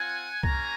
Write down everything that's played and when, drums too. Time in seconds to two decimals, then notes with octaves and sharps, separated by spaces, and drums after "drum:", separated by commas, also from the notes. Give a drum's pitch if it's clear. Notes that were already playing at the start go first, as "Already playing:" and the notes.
Already playing: C4 F4 F#5 G#5
0.43 A#3 C#4 F#4 G#5 A#5, drum: kick C2